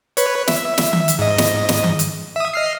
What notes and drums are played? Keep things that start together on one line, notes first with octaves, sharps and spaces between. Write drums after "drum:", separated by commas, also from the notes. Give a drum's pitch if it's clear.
B4 C#5, drum: hi-hat
E5, drum: snare
drum: snare
drum: tom D#3
drum: hi-hat
G#2 D#5
drum: snare
drum: snare
drum: tom D#3
drum: hi-hat
E5 D#6
D#5 F6 C7